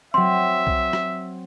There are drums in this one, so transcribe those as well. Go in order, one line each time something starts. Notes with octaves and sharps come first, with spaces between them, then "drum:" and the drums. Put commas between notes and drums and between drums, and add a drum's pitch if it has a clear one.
F#3 C4 E5 C6
drum: kick C2
drum: rim click